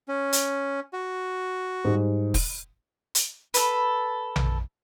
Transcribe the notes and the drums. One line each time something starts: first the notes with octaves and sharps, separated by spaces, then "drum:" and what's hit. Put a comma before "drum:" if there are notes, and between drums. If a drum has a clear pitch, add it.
C#4
drum: hi-hat
F#4
G#2 G3
drum: kick, open hi-hat
drum: hi-hat
A4 B4, drum: hi-hat
drum: tom A#1